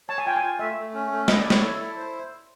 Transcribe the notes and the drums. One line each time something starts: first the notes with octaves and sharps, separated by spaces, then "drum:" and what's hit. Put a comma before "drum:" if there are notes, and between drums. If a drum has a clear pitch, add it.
C#5 A5
G#5
F4 G5
G#5
F4
A3 E5
A3
C#4
A3
E4 D#5, drum: snare
D5
E4
C#5, drum: snare
A4 C#5
E4
C5